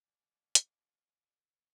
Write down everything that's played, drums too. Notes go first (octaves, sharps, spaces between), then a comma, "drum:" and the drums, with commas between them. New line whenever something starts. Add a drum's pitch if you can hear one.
D5 F5 G#5 A5 C#6 D6
drum: hi-hat